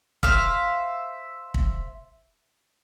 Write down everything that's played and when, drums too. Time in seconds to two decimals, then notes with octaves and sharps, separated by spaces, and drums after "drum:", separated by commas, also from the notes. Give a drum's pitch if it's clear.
0.23 C5 E5 F5, drum: kick
1.54 drum: kick